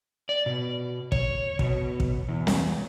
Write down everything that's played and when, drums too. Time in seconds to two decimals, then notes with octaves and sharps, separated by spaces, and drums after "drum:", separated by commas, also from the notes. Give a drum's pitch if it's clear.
0.29 D5
0.46 B2
1.12 C#5, drum: kick
1.59 B2, drum: kick
2.00 drum: kick
2.28 E2
2.47 drum: snare